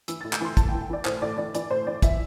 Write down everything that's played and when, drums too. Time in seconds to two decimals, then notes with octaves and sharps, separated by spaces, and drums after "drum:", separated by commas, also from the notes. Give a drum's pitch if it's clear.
0.08 E3 E6, drum: hi-hat
0.21 A6
0.25 A2
0.33 G6, drum: clap
0.41 E3 C6
0.57 A2 A5, drum: kick, hi-hat
0.69 G5
0.74 E3
0.82 G5
0.90 E3 D5
1.05 A2 C5, drum: clap
1.22 A2 D5
1.38 E3 D5
1.55 E3 D5, drum: hi-hat
1.71 A2 C5
1.87 E3 D5
2.02 E3 E5, drum: kick, hi-hat